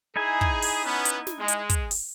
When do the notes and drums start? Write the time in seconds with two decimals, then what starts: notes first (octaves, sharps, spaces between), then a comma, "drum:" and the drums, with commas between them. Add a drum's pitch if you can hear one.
0.16 D#4 E4 G#4 G#5
0.41 drum: kick
0.62 drum: open hi-hat
0.84 B3 C#4
1.05 drum: hi-hat
1.27 drum: snare
1.38 G#3
1.48 drum: hi-hat
1.70 drum: kick, hi-hat
1.91 drum: open hi-hat